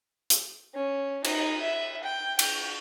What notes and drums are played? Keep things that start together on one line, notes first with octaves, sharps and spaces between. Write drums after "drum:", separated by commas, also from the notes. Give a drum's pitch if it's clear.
drum: hi-hat
C#4
D#4, drum: cymbal
E5
G5
G5, drum: cymbal